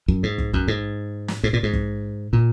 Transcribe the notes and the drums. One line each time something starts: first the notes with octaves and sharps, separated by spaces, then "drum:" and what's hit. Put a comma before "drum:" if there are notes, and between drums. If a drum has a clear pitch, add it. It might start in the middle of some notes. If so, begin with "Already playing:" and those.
F#2
G#2
drum: kick
F#2, drum: kick
G#2
drum: snare
G#2
A#2
G#2
drum: kick
A#2